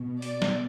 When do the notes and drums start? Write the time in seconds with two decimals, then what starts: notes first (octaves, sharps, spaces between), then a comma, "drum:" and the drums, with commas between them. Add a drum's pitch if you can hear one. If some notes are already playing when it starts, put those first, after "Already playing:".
Already playing: B2
0.22 D5, drum: open hi-hat
0.42 drum: snare